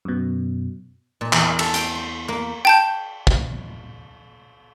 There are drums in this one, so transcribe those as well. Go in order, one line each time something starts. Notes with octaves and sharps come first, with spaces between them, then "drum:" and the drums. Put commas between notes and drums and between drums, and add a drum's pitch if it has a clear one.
F#2 B2
A#2
E2, drum: clap
A4, drum: cymbal
G5, drum: hi-hat
C6
A#3
G5 A5 G6
drum: kick